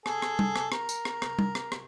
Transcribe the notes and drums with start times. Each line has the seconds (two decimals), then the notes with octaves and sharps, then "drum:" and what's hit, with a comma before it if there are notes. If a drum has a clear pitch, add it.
0.06 G#4 A4, drum: rim click
0.22 drum: rim click
0.39 drum: tom
0.56 drum: rim click
0.72 A#4, drum: rim click
0.89 drum: tambourine
1.05 drum: rim click
1.22 drum: rim click
1.39 drum: tom
1.55 drum: rim click
1.72 drum: rim click